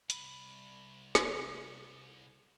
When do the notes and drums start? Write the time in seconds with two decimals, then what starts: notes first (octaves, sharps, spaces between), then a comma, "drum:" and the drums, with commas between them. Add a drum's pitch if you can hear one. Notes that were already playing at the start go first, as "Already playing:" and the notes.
0.10 C2 B5, drum: hi-hat
1.15 drum: snare